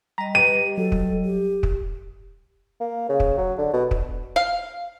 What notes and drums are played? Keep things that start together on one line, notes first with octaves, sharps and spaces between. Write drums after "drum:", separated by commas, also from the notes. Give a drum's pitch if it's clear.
G3 D#5 A#5
G4 B4 D#7
F#3 A4
drum: kick
G4
drum: kick
A#3
C#3
drum: kick
F#3
D3
B2
drum: kick
F5